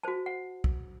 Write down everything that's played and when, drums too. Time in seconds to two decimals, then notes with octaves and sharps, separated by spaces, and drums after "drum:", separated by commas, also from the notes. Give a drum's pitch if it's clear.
0.03 F#4 C5 A5
0.26 F#5
0.64 drum: kick